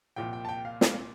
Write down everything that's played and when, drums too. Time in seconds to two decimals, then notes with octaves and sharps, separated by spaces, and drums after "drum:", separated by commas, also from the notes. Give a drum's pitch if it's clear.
0.16 C2 A#2 F3 G5
0.33 G5
0.45 A5
0.49 G5
0.65 F5
0.81 F5, drum: snare